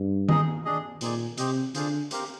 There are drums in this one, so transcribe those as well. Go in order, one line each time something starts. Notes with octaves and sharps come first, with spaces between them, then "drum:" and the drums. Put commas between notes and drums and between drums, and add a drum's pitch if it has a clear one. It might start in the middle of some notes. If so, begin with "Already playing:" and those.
Already playing: G2
D#4 G#4 D#5, drum: tom D#3
D4 G#4 D#5
A#2 C4 D#4 G#4 D5 G#5, drum: hi-hat
C3 C4 G4 C5 D#5, drum: hi-hat
D3 D4 F4 G#4 C5, drum: hi-hat
C4 G4 A#4 F5, drum: hi-hat